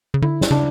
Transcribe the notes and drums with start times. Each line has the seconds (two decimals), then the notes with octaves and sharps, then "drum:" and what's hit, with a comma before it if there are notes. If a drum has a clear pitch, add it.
0.14 C#3
0.22 D3 E4
0.41 drum: snare
0.51 C#3 D4